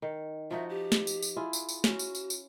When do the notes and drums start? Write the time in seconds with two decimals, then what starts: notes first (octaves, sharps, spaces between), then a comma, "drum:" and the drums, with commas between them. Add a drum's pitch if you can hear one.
0.02 D#3
0.51 F3 D#4 F#4 E5
0.69 G4
0.92 drum: snare
1.07 drum: tambourine
1.22 drum: tambourine
1.36 E4 F4 G#4
1.53 drum: tambourine
1.69 drum: tambourine
1.84 C#4 F#4, drum: snare
1.99 drum: tambourine
2.15 drum: tambourine
2.30 drum: tambourine